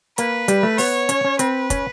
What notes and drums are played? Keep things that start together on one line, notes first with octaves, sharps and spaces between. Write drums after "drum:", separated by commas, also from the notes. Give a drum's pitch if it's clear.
A#3 B4, drum: hi-hat
G3, drum: hi-hat
A3
B3 C#5, drum: open hi-hat
C#4, drum: hi-hat
C#4
C4 B4, drum: hi-hat
C#4, drum: kick, hi-hat